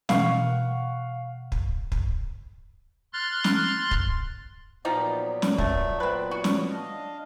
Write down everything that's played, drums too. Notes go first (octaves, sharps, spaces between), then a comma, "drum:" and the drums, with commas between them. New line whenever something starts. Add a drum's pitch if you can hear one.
B2 E3 F5 F#5 C#6, drum: snare
drum: kick
drum: kick
C6 F6 F#6 A6
drum: snare
drum: kick
A#2 F3 F#3 B3 D#4 G4
drum: snare
A3, drum: kick
C4 B4
F#4
drum: snare
D4 D#5 F5